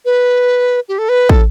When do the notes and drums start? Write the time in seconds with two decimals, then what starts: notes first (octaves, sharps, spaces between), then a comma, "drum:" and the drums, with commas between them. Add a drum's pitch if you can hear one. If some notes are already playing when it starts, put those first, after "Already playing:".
0.05 B4
0.89 G4
0.98 A4
1.09 B4
1.29 A4, drum: kick